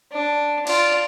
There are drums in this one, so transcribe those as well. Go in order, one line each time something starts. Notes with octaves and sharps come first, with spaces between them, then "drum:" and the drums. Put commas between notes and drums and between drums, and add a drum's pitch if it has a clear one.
D4
F4 D5, drum: cymbal